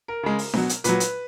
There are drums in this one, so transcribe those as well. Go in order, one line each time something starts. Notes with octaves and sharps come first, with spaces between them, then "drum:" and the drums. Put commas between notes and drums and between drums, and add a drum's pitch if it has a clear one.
A#4
C#3 G#3
drum: open hi-hat
B2 F#3, drum: snare D4
drum: hi-hat
A#2 F#3 B4, drum: hi-hat
drum: hi-hat